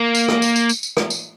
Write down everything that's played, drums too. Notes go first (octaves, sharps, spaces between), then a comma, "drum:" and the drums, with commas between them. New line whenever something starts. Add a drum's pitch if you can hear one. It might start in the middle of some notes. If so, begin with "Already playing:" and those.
Already playing: A#3
drum: tambourine
drum: rim click
drum: tambourine
drum: tambourine
drum: tambourine
drum: tambourine
drum: rim click
drum: tambourine